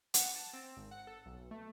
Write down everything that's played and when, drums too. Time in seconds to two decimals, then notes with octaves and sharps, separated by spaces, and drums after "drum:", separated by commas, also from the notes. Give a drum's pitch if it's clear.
0.14 F#5, drum: hi-hat
0.35 A5
0.53 C4
0.77 G#1
0.91 F#5
1.07 A4
1.26 B1
1.51 A3